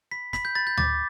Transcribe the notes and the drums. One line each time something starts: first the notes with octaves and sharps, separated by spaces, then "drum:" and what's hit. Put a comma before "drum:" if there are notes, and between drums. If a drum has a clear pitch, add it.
B5 B6
B5 B6, drum: snare
G6
B5 A6
G6
D6 A6, drum: tom D2